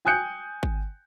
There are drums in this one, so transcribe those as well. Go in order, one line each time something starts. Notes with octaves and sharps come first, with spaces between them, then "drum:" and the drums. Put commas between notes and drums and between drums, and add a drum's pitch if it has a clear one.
G5 G#5 D#6 F#6 G6 C#7
drum: kick G#1